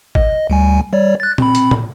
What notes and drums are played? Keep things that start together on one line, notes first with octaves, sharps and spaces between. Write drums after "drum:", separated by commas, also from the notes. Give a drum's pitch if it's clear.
D#5, drum: kick
D2 G3 G#5
G3 C#5 D5
F#6 A6
C4 B5, drum: tom A#2
drum: hi-hat
drum: tom